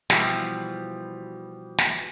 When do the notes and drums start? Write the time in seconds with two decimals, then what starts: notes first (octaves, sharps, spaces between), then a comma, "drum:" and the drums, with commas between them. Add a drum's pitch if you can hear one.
0.10 B2 E3 F3 G3, drum: snare
1.78 drum: snare